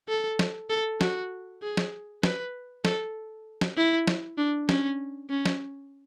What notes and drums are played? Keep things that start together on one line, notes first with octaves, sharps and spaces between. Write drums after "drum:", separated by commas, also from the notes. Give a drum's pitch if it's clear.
A4
drum: snare
A4
F#4, drum: snare
G#4
drum: snare
B4, drum: snare
A4, drum: snare
drum: snare
E4
drum: snare
D4
C#4, drum: snare
C#4
drum: snare